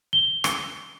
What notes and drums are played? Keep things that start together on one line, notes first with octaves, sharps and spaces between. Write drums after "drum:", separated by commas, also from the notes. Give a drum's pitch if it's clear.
G7
drum: rim click